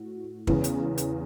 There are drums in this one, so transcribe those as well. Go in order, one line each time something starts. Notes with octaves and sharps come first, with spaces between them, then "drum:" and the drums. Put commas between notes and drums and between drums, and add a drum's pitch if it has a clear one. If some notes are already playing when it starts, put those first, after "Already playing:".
Already playing: A2 F#4
E2 C#3 E3 B3, drum: kick
drum: hi-hat
drum: hi-hat